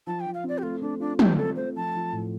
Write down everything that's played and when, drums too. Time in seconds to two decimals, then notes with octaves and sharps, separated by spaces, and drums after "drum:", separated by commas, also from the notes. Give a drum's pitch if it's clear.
0.07 F3 A5
0.20 G5
0.26 F3
0.34 F5
0.44 C4 D5
0.58 G4
0.63 A3 F4
0.81 A3 D4
1.00 D4 F4
1.19 A3 G4, drum: tom
1.37 C4 A4
1.56 A3 C5
1.76 F3 A5
1.95 F3
2.13 A2